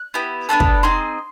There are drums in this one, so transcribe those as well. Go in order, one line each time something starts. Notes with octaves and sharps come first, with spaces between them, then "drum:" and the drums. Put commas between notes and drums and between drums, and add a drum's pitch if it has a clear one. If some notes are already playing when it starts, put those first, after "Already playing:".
Already playing: F#6
B3 E4 G4
B3 D4 F4 A4 E6
drum: kick
C4 D#4 G#4 C6